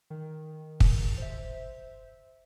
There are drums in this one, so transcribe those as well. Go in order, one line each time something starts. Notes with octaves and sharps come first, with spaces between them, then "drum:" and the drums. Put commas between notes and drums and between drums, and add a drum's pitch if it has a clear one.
D#3
drum: kick
C5 E5